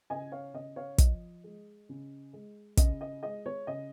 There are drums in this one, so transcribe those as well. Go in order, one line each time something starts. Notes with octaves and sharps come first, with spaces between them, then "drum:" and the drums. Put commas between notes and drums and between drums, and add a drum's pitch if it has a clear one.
C#3 D#5 G#5
C#5 F5
C#3 D#5
C#5 F5
F3 D#5, drum: kick, hi-hat
G#3
C#3
G#3
C#3 D#5, drum: kick, hi-hat
D#5
G#3 D#5
C#5
C#3 D#5